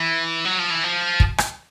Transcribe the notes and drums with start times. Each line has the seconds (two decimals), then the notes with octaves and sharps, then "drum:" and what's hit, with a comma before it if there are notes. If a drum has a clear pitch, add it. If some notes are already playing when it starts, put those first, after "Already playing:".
Already playing: E3
0.45 F#3
0.59 F3
0.71 E3
0.84 F3
1.20 drum: kick
1.38 drum: rim click